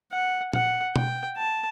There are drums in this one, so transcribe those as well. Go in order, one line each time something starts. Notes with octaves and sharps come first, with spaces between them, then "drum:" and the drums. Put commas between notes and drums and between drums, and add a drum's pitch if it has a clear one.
F#5
F#5, drum: tom A#2
G5, drum: tom B2
A5